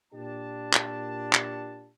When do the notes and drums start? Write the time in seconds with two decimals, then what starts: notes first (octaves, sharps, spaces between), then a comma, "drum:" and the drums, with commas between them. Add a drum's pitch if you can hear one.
0.13 A#2 D4 G4 A5
0.73 drum: clap
1.33 drum: clap